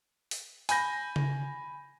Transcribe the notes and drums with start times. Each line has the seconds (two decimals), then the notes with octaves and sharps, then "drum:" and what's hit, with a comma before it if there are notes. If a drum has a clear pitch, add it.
0.31 drum: open hi-hat
0.69 G#5 B5 G6 A#6, drum: open hi-hat
1.16 drum: tom C#3